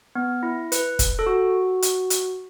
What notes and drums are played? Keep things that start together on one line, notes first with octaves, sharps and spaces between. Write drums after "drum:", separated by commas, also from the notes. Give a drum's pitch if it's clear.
B3
E4
B4, drum: hi-hat
drum: kick, hi-hat
A4
F#4
drum: hi-hat
drum: hi-hat